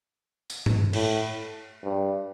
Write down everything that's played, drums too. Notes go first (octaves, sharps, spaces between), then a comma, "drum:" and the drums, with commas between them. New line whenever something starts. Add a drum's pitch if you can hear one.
drum: tambourine
drum: tom G2
A2, drum: cymbal
G2